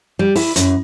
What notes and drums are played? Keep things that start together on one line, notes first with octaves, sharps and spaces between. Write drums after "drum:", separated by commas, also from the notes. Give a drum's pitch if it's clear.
G3
E4, drum: open hi-hat
F#2, drum: hi-hat